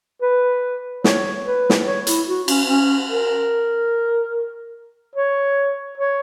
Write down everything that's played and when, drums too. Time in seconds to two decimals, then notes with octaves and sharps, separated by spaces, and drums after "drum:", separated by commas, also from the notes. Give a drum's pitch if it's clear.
0.22 B4
1.04 C#5, drum: snare
1.46 B4
1.70 drum: snare
1.86 C#5
2.07 E4, drum: hi-hat
2.28 F#4
2.48 C#4, drum: cymbal
2.68 C#4
3.10 A#4
5.15 C#5
5.97 C#5